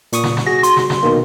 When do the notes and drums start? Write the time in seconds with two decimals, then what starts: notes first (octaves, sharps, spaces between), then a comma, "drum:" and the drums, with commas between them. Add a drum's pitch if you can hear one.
0.13 A#2 C#6 D#6, drum: hi-hat
0.24 drum: snare
0.37 drum: snare
0.47 F#4 G#4 A#6
0.63 C6, drum: hi-hat
0.77 drum: snare
0.90 drum: snare
1.03 B2 D#3 A#3